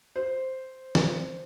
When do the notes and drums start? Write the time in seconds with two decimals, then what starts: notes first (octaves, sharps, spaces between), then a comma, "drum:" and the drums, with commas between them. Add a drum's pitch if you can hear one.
0.16 C5
0.95 drum: snare